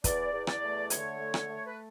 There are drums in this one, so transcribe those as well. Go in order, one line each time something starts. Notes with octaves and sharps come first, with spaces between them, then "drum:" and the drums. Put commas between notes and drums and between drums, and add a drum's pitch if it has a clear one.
E2 D5, drum: kick, hi-hat
E2
D5, drum: rim click
A3
D3 C#5, drum: hi-hat
A3
drum: rim click
A3
B4